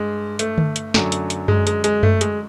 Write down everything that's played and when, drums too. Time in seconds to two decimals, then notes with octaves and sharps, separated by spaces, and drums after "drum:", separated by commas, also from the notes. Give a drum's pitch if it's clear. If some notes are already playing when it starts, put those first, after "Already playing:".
Already playing: G2 G#3
0.39 A3, drum: hi-hat
0.58 drum: tom D3
0.76 drum: hi-hat
0.94 F#2 D3 F#3, drum: snare
1.12 drum: hi-hat
1.30 drum: hi-hat
1.48 G#3, drum: tom F#2
1.67 G#3, drum: hi-hat
1.84 G#3, drum: hi-hat
2.03 A3, drum: tom F#2
2.21 G#3, drum: hi-hat